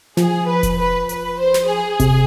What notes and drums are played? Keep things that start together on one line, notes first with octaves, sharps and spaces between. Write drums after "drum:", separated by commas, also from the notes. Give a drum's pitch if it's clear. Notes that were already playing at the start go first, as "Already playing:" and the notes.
F3 G#4, drum: snare
B4
drum: kick F1, hi-hat
B4
B4, drum: hi-hat
C5
drum: snare
G#4
C3, drum: kick F1, hi-hat